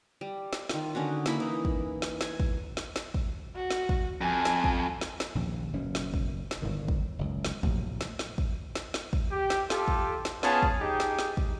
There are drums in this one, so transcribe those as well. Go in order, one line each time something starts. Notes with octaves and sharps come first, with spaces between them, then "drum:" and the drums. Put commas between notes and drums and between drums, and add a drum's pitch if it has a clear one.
G3
drum: snare
D#3 F4, drum: snare
D3 C#4 D#4 F#4
A#3 E4 B5, drum: snare
E3 D#4
drum: kick
drum: snare
G#5, drum: snare
drum: kick
drum: snare
drum: snare
drum: kick
F#4
drum: snare
drum: kick
F2 G#5
drum: snare
drum: kick
drum: snare
drum: snare
A#1 D#2 C#3
F#1 B2 C#4
drum: snare
drum: kick
drum: snare
G1 A2 D#3
drum: kick
F#1 C#2
drum: snare
A#1 A2 C3 F#3, drum: kick
drum: snare
drum: snare
drum: kick
drum: snare
drum: snare
drum: kick
G4
drum: snare
F4 G4 A4, drum: snare
drum: kick
drum: snare
B3 C#4 F4 G#4 A5, drum: snare
drum: kick
D#4 G4 G#4 G5
drum: snare
drum: snare
drum: kick